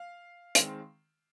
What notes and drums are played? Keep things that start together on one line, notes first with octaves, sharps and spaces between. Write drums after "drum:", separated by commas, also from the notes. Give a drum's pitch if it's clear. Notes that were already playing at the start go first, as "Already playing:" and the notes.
Already playing: F5
D#3 G#3 C4, drum: hi-hat